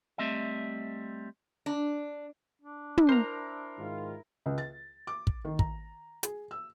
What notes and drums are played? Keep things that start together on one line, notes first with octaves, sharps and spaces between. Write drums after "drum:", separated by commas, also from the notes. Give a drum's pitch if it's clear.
G3 A3 C4 D#5 E5
D4
D4
drum: tom
E4 A#4 C5 A#5
G#2 D#3 F4
C#2
A6
D6
drum: kick
D#3
A#5, drum: kick
G#4, drum: hi-hat
E6